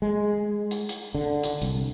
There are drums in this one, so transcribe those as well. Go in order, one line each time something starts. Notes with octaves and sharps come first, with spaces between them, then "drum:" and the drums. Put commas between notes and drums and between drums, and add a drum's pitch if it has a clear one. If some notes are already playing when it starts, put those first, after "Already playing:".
G#3
drum: hi-hat
drum: hi-hat
D3
drum: hi-hat
C2, drum: hi-hat